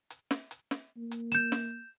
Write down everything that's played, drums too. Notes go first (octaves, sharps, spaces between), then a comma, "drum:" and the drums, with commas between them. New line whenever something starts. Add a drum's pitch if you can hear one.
drum: hi-hat
drum: snare
drum: hi-hat
drum: snare
A#3
drum: hi-hat
G6 E7, drum: hi-hat
drum: snare